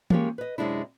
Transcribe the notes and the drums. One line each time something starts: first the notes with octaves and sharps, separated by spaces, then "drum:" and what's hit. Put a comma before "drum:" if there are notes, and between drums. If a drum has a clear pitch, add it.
F3 G#3 A#3 C#4 G4 C#5, drum: tom
B4 D#5
F#2 C3 G#3 C4 D4 E4